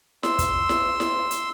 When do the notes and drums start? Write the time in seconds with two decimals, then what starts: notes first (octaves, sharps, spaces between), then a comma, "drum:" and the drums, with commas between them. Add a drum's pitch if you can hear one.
0.23 C6 E6, drum: snare E4
0.39 drum: kick, hi-hat
0.69 drum: snare E4
1.00 drum: snare E4
1.31 drum: hi-hat